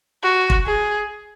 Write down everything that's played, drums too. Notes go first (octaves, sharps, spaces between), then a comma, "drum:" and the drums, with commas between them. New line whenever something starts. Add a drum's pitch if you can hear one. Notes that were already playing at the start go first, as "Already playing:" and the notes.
F#4
drum: kick
G#4